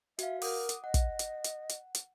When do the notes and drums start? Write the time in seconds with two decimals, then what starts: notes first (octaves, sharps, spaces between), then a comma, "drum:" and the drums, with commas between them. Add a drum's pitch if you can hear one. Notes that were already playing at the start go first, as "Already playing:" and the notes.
0.19 F#4 E5 F5, drum: hi-hat
0.42 A#4 F#5 D6 D#6, drum: open hi-hat
0.69 drum: hi-hat
0.84 D#5 F#5
0.94 drum: kick, hi-hat
1.19 drum: hi-hat
1.44 drum: hi-hat
1.69 drum: hi-hat
1.95 drum: hi-hat